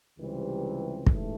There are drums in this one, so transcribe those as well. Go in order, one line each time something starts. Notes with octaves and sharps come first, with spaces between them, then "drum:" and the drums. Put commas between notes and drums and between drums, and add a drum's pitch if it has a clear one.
C#2 C3 E3 G3 C4
A1 G#2 A3, drum: kick